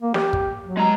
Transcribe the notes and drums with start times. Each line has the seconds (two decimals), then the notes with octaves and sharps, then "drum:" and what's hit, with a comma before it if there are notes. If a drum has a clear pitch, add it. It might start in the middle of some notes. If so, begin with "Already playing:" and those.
0.02 A#3
0.14 G4, drum: snare
0.33 drum: kick
0.64 F#3
0.77 G#3 A#5